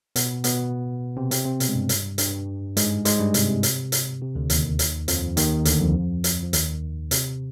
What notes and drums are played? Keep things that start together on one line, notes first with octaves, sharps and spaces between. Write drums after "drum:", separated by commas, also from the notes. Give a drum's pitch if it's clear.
B2 B3, drum: hi-hat
B2 B3, drum: hi-hat
C3 C4
C3 C4, drum: hi-hat
C3 C4
B2 B3, drum: hi-hat
G#3
G2 G3
drum: hi-hat
G2 G3, drum: hi-hat
G#2 G#3, drum: hi-hat
G#2 G#3, drum: hi-hat
G2 G3
C3, drum: hi-hat
C3
drum: hi-hat
drum: hi-hat
C3
D2 D3
D#2 D#3, drum: hi-hat
drum: hi-hat
F2 F3, drum: hi-hat
D#2 D#3, drum: hi-hat
D2 D3, drum: hi-hat
F2 F3
drum: hi-hat
F3
D#2 D#3, drum: hi-hat
C3, drum: hi-hat